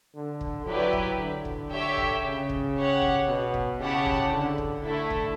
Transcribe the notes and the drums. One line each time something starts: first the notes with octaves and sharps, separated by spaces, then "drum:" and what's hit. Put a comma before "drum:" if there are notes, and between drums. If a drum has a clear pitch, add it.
D3
drum: kick
F#3 E4 G4 B4 D5
drum: kick
D3
drum: kick
G4 C#5 E5 G5
drum: kick
C#3
drum: kick
G4 C#5 F#5
drum: kick
B2
drum: kick
C#3 E4 G4 C#5 F#5 A5
drum: kick
D3
drum: kick
D3 A3 E4 A4
drum: kick